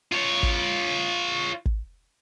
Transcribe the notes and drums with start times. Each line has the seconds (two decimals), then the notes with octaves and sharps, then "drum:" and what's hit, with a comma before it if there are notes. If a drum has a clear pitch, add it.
0.12 F4 C#5
0.43 drum: kick
1.66 drum: kick